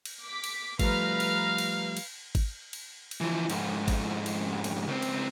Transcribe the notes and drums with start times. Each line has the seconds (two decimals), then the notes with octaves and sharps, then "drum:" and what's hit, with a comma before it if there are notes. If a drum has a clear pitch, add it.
0.05 drum: cymbal
0.22 D6 B6
0.44 drum: cymbal
0.79 F3 G3 A3 B4 F5 A#5 F6, drum: kick G#1, cymbal
1.20 drum: cymbal
1.58 drum: cymbal
1.97 drum: cymbal
2.35 drum: kick G#1, cymbal
2.73 drum: cymbal
3.11 drum: cymbal
3.21 E3 F3
3.50 F2 G#2, drum: cymbal
3.88 drum: kick G#1, cymbal
4.26 drum: cymbal
4.64 drum: cymbal
4.87 C#2 C4
5.02 drum: cymbal